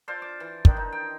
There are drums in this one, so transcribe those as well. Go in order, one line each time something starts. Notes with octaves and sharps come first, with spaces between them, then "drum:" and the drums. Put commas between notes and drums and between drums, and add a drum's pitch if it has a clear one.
F4 A4 C5 D5
D6
E3
D#3 D4 D#4 A4, drum: kick
D#4
G5